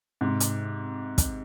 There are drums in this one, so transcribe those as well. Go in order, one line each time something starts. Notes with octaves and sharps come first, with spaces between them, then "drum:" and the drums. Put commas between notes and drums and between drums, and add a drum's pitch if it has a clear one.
G#2 C3
drum: hi-hat
drum: kick, hi-hat